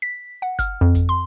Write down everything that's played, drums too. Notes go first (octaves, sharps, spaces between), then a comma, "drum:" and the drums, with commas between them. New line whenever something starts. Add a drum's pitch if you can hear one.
B6
F#5
F6, drum: kick F#1, hi-hat
F2
drum: kick F#1, hi-hat
C6